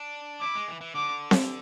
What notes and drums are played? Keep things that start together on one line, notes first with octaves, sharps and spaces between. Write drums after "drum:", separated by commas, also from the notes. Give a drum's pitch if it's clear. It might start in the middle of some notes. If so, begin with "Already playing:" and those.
Already playing: D4
E4 D6
G#3
E3
E3
D3 D6
drum: snare C4